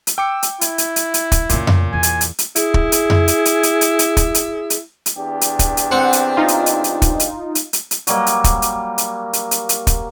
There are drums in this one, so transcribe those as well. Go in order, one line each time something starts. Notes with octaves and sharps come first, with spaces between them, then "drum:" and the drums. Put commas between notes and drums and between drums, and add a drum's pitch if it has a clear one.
drum: hi-hat
G5 D6 E6 C#7
drum: hi-hat
E4, drum: hi-hat
drum: hi-hat
drum: hi-hat
drum: hi-hat
drum: kick, hi-hat
F2 A#2 C#3, drum: hi-hat
drum: tom F2
E2 G#5
drum: hi-hat
drum: hi-hat
drum: hi-hat
E4 G#4, drum: hi-hat
drum: kick
drum: hi-hat
drum: tom F2
drum: hi-hat
drum: hi-hat
drum: hi-hat
drum: hi-hat
drum: hi-hat
drum: kick, hi-hat
drum: hi-hat
drum: hi-hat
drum: hi-hat
E2 D4 G4
drum: hi-hat
drum: kick, hi-hat
drum: hi-hat
C4 F#5
drum: hi-hat
D#4 F4
drum: hi-hat
drum: hi-hat
drum: hi-hat
drum: kick, hi-hat
drum: hi-hat
drum: hi-hat
drum: hi-hat
drum: hi-hat
F#3 G3 A#3, drum: hi-hat
drum: hi-hat
drum: kick, hi-hat
drum: hi-hat
drum: hi-hat
drum: hi-hat
drum: hi-hat
drum: hi-hat
drum: kick, hi-hat